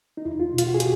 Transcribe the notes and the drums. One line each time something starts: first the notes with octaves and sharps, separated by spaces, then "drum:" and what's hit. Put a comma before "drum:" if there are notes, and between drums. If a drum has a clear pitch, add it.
D#4
E2 E4
F4
B2
F4, drum: hi-hat
F#4
G#4
G4, drum: hi-hat